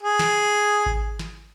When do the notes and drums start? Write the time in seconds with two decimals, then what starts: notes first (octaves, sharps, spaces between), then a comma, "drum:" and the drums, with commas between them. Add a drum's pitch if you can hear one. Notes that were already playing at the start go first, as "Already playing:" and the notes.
0.03 G#4
0.19 drum: snare
0.86 drum: kick G#1
1.19 drum: snare